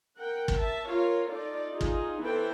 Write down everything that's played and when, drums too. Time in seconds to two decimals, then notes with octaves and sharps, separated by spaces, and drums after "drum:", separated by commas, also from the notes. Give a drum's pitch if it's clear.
0.19 A#4 F#5 G5
0.48 drum: kick
0.58 E5 A5
0.87 F4 A#4 C#5 F5
1.28 D#4 F4 A4 D5
1.71 D#4 F4 G#4
1.81 drum: kick
2.21 E3 B3 E4 A4 C5 G5